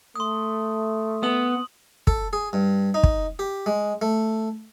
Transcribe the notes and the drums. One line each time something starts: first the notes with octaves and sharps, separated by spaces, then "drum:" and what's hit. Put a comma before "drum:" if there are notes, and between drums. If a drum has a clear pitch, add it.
A3 C6 D#6
B3 D#6 F#7
A4, drum: kick
G#4
G2
D#4
drum: kick
G4
G#3
A3